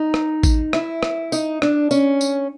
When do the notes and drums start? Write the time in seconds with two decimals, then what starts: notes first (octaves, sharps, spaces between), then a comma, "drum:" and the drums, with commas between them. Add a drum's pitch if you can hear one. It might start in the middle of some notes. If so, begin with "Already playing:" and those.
Already playing: D#4
0.14 drum: rim click
0.43 drum: kick A1, tambourine
0.73 E4, drum: rim click
1.03 drum: rim click
1.32 D#4, drum: tambourine
1.62 D4, drum: rim click
1.91 C#4, drum: tambourine
2.21 drum: tambourine